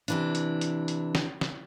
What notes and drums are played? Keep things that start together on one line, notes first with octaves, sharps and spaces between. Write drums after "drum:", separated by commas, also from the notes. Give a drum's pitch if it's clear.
C3 E3 D4, drum: hi-hat
drum: hi-hat
drum: hi-hat
drum: hi-hat
drum: snare
drum: snare